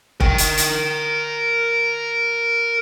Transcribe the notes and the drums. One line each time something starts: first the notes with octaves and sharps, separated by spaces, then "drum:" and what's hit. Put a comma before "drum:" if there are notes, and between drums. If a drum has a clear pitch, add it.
A#4 G5, drum: kick F1
drum: hi-hat
drum: hi-hat